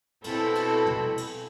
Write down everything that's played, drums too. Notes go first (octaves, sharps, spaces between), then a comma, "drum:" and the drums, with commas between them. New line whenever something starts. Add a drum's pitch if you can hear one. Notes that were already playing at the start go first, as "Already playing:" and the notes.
B2 C4 E4 A4 B5, drum: cymbal
drum: cymbal
drum: tom
drum: cymbal